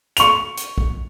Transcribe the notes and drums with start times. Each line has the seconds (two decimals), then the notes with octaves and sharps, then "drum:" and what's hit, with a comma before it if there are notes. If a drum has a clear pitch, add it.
0.17 C#6 F7, drum: hi-hat
0.57 drum: hi-hat
0.78 drum: kick